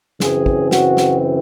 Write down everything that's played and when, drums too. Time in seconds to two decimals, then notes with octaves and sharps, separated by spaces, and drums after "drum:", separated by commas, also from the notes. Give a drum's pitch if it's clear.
0.20 F#2 C#3 E3 C4 G#4, drum: snare
0.46 drum: kick
0.71 F#4, drum: snare
0.97 drum: snare